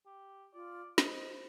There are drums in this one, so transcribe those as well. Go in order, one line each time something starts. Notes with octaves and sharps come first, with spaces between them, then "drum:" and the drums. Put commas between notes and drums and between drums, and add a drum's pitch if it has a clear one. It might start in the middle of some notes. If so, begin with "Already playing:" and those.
G4
F4 D5
C5 D#5, drum: snare